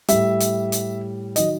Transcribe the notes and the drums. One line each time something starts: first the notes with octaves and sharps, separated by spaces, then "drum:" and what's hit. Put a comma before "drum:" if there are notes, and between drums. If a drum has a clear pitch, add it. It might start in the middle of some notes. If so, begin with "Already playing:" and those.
A2 G3 E5, drum: hi-hat
drum: hi-hat
drum: hi-hat
D#3 F#3 D#5, drum: hi-hat